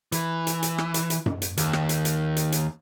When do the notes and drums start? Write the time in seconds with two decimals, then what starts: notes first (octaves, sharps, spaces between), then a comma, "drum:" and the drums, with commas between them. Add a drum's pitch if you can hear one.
0.12 E3, drum: hi-hat
0.47 drum: hi-hat
0.63 drum: hi-hat
0.78 drum: rim click
0.94 drum: hi-hat
1.10 drum: hi-hat
1.26 drum: tom F#2
1.42 drum: hi-hat
1.57 D#2, drum: hi-hat
1.73 drum: rim click
1.89 drum: hi-hat
2.05 drum: hi-hat
2.37 drum: hi-hat
2.52 drum: hi-hat